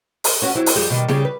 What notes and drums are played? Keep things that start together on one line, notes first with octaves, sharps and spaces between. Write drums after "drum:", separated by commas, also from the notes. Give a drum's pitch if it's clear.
drum: open hi-hat
C#4 F#4 B4
F#3 C4 E4
drum: open hi-hat
F2 G3 G#3
B2 D#3 G3
C#3 G3 G#4, drum: snare
B4